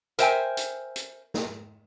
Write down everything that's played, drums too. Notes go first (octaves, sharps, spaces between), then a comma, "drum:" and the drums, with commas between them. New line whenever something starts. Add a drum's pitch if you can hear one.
A#4 C5 E5 F5 G5 G#5, drum: hi-hat
drum: hi-hat
drum: hi-hat
drum: snare